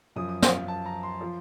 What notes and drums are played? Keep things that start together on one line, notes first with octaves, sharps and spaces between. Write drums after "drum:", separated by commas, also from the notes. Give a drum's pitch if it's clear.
F#2 F3 D#6
D#6
F5, drum: snare
A5
A#5
C6
F3